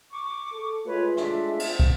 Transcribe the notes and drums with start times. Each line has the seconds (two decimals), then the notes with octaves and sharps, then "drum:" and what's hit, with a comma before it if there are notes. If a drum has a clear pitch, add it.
0.11 C#6 D6
0.52 A4
0.87 G#3 A3 F4 B4 C#5
1.17 D4 E5, drum: rim click
1.60 C4, drum: cymbal
1.80 drum: kick